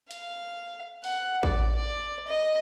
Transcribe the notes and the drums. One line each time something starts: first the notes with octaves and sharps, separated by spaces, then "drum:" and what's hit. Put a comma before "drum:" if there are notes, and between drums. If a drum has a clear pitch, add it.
F5, drum: hi-hat
F#5, drum: open hi-hat
D5, drum: kick A1
D5
D#5